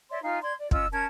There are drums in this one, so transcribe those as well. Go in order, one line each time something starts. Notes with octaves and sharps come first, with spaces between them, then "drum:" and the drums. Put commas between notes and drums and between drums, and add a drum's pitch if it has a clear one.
C#5 D5 E5 C6
D#4 F4 F5 G#5
D5 C6 G#6
D5
C#4 F4 D#5 E6, drum: kick
C#4 A#4 A5 G#6